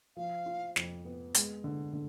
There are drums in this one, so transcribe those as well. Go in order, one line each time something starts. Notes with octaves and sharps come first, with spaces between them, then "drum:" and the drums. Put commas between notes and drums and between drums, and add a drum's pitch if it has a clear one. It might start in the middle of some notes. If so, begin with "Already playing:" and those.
F3 F5
F4
F2, drum: snare
B3
G#3, drum: hi-hat
D3
D3